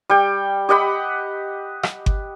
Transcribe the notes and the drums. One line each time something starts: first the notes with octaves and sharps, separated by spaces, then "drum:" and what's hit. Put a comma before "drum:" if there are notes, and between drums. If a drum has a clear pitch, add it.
G3 G5
G4 D#5 F#5 B5
drum: rim click
drum: kick G1